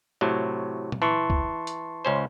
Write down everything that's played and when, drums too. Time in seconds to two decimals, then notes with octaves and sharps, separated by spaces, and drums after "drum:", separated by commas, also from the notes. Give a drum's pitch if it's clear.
0.21 A2 C3 F#3
0.92 drum: tom
1.02 E3 A5 C6 C#6
1.30 drum: kick
1.67 drum: hi-hat
2.05 C#2 C#4 C5